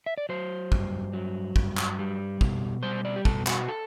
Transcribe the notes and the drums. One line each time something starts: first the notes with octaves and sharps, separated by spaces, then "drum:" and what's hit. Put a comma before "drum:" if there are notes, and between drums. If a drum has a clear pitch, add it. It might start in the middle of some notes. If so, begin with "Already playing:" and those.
E5
D5
F#3 C5
G2, drum: kick
F#3
G2, drum: kick
drum: clap
G3
B2, drum: kick
G3 C5
D5
G4
B2 A4, drum: kick
F#4, drum: clap
A4